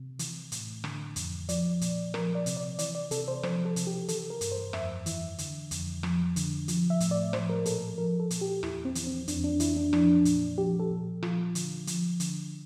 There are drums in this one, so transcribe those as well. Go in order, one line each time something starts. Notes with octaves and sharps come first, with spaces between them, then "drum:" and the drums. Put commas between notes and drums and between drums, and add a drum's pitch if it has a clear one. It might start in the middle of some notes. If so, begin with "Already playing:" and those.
Already playing: C3
E3, drum: hi-hat
A2, drum: hi-hat
D3, drum: rim click
F2, drum: hi-hat
F3 D5, drum: hi-hat
A#2, drum: hi-hat
F3 A#4, drum: rim click
D5
C3, drum: hi-hat
D5
E3 D5, drum: hi-hat
D5
C3 A4, drum: hi-hat
C5
F3 C5, drum: rim click
A4
C3, drum: hi-hat
G4
E3 A4, drum: hi-hat
A#4
G2, drum: hi-hat
C5
F2 E5, drum: rim click
E3, drum: hi-hat
D3, drum: hi-hat
F2, drum: hi-hat
F3, drum: rim click
D3, drum: hi-hat
F3, drum: hi-hat
E5
A2, drum: hi-hat
D5
F3 C5, drum: rim click
A#4
A#2 A4, drum: hi-hat
F3 A#4
A4
A#2, drum: hi-hat
G4
E2 E4, drum: rim click
C4
E3, drum: hi-hat
C4
F2 D4, drum: hi-hat
D4
E3 E4, drum: hi-hat
D4
F3 D4, drum: rim click
A#2, drum: hi-hat
F3 G4
A4
A#2
F3 F4, drum: rim click
D3, drum: hi-hat
F3, drum: hi-hat
D3, drum: hi-hat